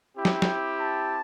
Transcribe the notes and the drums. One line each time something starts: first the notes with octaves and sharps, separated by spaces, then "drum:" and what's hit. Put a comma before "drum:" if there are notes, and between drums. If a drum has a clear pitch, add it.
C4 E4 G4
drum: snare
drum: snare
A5